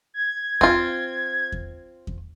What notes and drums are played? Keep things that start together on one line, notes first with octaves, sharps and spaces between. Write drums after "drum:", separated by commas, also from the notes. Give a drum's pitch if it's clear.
G#6
C4 F4, drum: kick E2
drum: kick E2
drum: kick E2